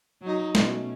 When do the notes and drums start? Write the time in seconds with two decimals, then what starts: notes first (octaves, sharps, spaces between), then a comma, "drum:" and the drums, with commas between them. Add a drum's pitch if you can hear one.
0.22 F#3 D#4
0.55 B2 A3 C#4, drum: snare